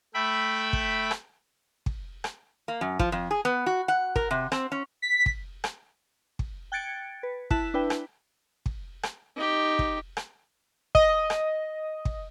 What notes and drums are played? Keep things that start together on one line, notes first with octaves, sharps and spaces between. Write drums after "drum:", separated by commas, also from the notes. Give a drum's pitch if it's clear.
A3 E5 G5 B5
drum: kick
drum: rim click
drum: kick
drum: rim click
A#3
F#2
F3, drum: kick
F2
G#4
B3
F#4
F#5
A#4, drum: kick
C3
C4, drum: rim click
C#4
B6
drum: kick
drum: rim click
drum: kick
G5 F#6 G#6 A6 C#7 D7
B4
E4 A5 F#6 B6 E7, drum: kick
D4 E4 B4 G5
drum: rim click
drum: kick
drum: rim click
D#4 G4
drum: kick
drum: rim click
D#5, drum: kick
drum: rim click
drum: kick